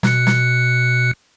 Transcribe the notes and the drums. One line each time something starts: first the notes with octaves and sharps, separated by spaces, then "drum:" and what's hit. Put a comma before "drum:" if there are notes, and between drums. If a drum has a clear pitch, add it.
B2 F#6 C#7, drum: snare
drum: snare